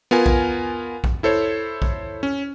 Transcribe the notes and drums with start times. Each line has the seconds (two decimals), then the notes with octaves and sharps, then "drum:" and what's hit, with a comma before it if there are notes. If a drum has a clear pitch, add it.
0.11 B3 F4 A#4 G#5
0.26 drum: kick A#1
1.04 drum: kick A#1
1.23 E4 A4 C5 C#5
1.82 drum: kick A#1
2.23 C#4